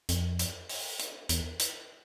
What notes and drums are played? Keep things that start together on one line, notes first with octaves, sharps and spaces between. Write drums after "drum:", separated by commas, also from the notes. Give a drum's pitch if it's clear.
F2, drum: hi-hat
drum: hi-hat
drum: open hi-hat
drum: hi-hat
E2, drum: hi-hat
drum: hi-hat